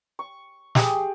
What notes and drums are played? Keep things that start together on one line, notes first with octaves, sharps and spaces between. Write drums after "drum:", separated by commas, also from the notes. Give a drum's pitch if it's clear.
C#6
G4 G#4, drum: snare